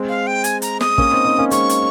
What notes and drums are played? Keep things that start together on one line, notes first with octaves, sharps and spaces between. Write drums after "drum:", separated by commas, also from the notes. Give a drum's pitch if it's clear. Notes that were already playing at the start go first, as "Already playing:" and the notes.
Already playing: G#3 C4
F5
G5
G#5, drum: hi-hat
A#5, drum: hi-hat
D#6, drum: snare
A#3 C#4, drum: kick
C4 D#4
C4 D#4
A#3 C#4
G#3 C4 C#6, drum: hi-hat
drum: hi-hat